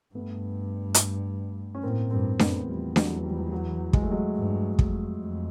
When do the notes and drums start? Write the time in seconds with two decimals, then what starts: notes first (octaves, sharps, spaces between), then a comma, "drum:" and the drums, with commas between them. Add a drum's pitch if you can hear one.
0.15 G2 A3 B3
0.94 drum: hi-hat
1.75 C#4
1.83 A2 A#3 C4
2.11 G2 A#3 C4
2.39 F#2 A3 B3, drum: snare D4
2.67 E2 F3 G3
2.96 F#3 G#3, drum: snare D4
3.24 F3 G3
3.52 F#3
3.93 G#3, drum: kick
4.03 A3
4.11 F#3 G#3
4.36 G2
4.79 F2, drum: kick
5.21 F2